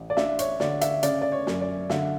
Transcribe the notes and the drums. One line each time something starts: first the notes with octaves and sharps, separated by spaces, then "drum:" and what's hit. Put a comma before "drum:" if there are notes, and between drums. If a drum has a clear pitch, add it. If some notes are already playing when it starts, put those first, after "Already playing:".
Already playing: A1
D5
D4 E5, drum: snare
C#5, drum: hi-hat
D3 D5, drum: snare
E5, drum: hi-hat
C#3 D5, drum: hi-hat
D5
C#5
F#2, drum: snare
D5
D3 E5, drum: snare